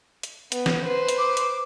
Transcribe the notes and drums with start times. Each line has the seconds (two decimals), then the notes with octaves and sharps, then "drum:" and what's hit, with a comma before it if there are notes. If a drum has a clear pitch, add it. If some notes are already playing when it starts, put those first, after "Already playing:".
0.23 drum: hi-hat
0.52 B3, drum: hi-hat
0.66 drum: snare
0.86 B4 C5
1.09 drum: hi-hat
1.18 D6
1.37 drum: hi-hat